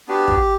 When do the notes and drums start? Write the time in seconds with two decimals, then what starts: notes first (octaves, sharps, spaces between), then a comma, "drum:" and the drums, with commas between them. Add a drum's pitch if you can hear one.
0.08 B3 D4 F#4 G4
0.28 drum: kick